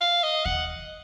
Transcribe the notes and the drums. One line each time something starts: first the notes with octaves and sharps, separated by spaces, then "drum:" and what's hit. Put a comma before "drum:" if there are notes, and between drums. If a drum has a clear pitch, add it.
F5
D#5
F#5, drum: kick D#2